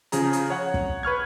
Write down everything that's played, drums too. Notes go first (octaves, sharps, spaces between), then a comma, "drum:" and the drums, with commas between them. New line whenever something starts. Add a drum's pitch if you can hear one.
C#3 F3 G#4 A#5, drum: hi-hat
drum: hi-hat
C#5 F#5
drum: kick
B4 C#6 F6 G#6